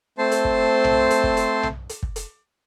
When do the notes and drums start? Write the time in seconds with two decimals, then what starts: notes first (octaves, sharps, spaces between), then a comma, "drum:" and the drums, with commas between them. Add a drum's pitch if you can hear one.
0.18 A3 C4 C5 A5 C6
0.31 drum: hi-hat
0.45 drum: kick
0.84 drum: tom B1
1.10 drum: hi-hat
1.24 drum: kick
1.37 drum: hi-hat
1.63 drum: tom B1
1.89 drum: hi-hat
2.03 drum: kick
2.16 drum: hi-hat